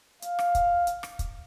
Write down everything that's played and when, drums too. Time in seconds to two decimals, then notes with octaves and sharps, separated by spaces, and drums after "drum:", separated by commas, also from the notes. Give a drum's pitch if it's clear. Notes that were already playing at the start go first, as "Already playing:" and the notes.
0.22 F5, drum: hi-hat
0.39 drum: rim click
0.55 drum: kick, hi-hat
0.87 drum: hi-hat
1.03 drum: rim click
1.19 drum: kick, hi-hat